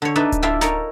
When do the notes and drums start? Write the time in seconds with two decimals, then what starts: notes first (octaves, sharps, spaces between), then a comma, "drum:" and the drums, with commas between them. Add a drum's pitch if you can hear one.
0.02 D3 C#5
0.16 D4 D#4 A4 B4 E5
0.32 drum: kick D1, hi-hat
0.42 D4 E4 F4 E5 F5 G5
0.61 D#4 A4 A#4 C#5, drum: snare